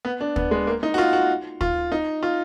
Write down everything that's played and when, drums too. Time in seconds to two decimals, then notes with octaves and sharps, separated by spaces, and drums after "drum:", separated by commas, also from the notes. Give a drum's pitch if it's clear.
0.05 B3
0.21 D4
0.36 B3, drum: kick
0.51 G#3
0.67 A#3
0.83 D#4
0.94 F#4
0.98 F4
1.13 F#4
1.61 F4, drum: kick
1.92 D#4
2.23 F4